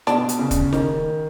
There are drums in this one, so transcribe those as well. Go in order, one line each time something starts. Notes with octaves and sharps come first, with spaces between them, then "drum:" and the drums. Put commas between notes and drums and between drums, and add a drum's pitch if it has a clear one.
B2 D4, drum: snare
drum: hi-hat
C#3
drum: kick, hi-hat
D#3, drum: snare